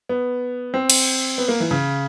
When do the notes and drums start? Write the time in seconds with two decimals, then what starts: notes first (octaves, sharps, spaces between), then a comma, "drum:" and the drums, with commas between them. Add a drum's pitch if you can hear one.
0.09 B3
0.74 C4
0.90 drum: cymbal
1.38 B3
1.48 A#3
1.60 E3
1.71 C#3